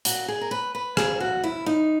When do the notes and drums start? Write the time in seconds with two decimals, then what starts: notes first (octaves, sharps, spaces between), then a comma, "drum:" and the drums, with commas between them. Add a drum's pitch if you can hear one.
0.05 A#2 F#4, drum: hi-hat
0.28 G#4
0.41 A#4
0.51 B4
0.75 B4
0.97 A#2 G#4, drum: rim click
1.20 F#4
1.44 E4
1.66 D#4